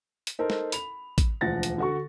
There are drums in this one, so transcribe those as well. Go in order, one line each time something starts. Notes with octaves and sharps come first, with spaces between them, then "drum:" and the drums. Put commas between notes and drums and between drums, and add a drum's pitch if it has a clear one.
drum: hi-hat
D#4 A4 A#4 C5
drum: snare
B5 F7, drum: hi-hat
drum: kick, hi-hat
E1 D2 F3 F#5 A6 A#6
drum: hi-hat
D3 F#4 C#6